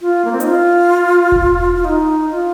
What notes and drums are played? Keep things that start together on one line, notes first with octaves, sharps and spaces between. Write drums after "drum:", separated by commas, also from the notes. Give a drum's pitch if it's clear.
F4
A#3
C4
D#4, drum: hi-hat
F4
drum: kick E1
F4
D#4
F4